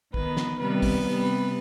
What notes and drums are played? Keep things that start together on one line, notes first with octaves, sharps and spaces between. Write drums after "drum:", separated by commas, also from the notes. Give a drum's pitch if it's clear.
D#3 B3 B4, drum: kick
drum: snare
C3 D#3 G3 B3 B4
drum: kick, open hi-hat
C3 G3 B3